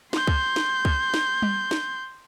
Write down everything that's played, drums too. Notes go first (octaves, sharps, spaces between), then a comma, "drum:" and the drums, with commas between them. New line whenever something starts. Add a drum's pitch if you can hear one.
C6 G6, drum: snare
drum: kick C#2
drum: snare
drum: kick C#2
drum: snare
drum: tom G3
drum: snare